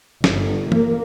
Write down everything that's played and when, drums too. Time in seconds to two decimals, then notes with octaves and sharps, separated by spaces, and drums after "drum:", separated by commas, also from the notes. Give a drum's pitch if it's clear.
0.24 G1, drum: snare
0.72 A#3, drum: tom